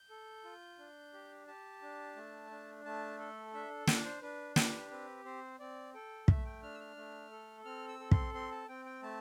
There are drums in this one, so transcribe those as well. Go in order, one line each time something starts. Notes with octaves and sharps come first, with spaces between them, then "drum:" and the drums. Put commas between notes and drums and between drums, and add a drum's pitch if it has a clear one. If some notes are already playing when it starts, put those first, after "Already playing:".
Already playing: G6
A4
F4
D4
G4
G4 A5
D4
A3
D4
A3 A5
A4
D4 E5
D4 D5, drum: snare
C5
D4 B4
G4 B4, drum: snare
C4 B4
C4 C5
C4 D5
A4 G5
A3 E5, drum: kick
G5
D4 F6
E6
F6
A3
A4
C4 F6
E6
A4
C6, drum: kick
C4 C6
A5
C4 G5
G5
A3 A5